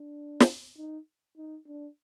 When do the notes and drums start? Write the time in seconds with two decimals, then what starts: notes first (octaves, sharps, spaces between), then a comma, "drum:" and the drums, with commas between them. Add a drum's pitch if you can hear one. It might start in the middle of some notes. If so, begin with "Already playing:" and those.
Already playing: D4
0.40 drum: snare
0.78 D#4
1.38 D#4
1.67 D4